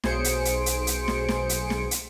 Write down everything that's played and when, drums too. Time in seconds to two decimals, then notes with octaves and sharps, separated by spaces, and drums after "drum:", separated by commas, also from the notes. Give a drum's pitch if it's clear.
0.04 B1 G#4 C5 C#7 D7, drum: snare
0.24 drum: hi-hat
0.45 drum: hi-hat
0.66 drum: hi-hat
0.87 drum: hi-hat
1.08 drum: snare
1.29 drum: snare
1.49 drum: hi-hat
1.70 drum: snare
1.91 drum: hi-hat